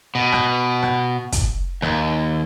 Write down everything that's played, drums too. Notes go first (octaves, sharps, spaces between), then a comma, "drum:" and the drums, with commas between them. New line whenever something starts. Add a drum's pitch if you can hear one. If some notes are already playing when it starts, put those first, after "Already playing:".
B2
drum: rim click
drum: rim click
drum: kick, hi-hat
D#2, drum: rim click